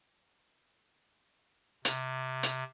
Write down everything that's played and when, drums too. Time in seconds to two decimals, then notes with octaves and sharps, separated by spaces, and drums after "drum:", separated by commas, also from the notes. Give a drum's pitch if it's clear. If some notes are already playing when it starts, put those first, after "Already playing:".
1.85 C3, drum: hi-hat
2.43 drum: hi-hat